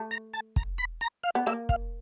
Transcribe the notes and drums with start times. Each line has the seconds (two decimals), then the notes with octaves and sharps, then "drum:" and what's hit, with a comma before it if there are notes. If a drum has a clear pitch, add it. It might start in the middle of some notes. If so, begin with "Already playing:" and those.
Already playing: A3
0.11 A#5
0.33 A5
0.56 A#5, drum: kick
0.78 B5
1.01 A#5
1.24 F5
1.35 B3
1.46 A#3 E5
1.69 F5, drum: kick